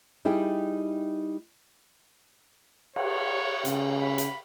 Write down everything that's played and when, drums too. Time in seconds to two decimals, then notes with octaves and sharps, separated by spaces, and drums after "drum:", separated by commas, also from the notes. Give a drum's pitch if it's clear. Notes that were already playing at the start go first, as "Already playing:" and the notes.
0.25 G3 D#4 E4 G#4 G5
2.96 C#5, drum: cymbal
3.65 C#3, drum: hi-hat
4.02 B5
4.18 drum: hi-hat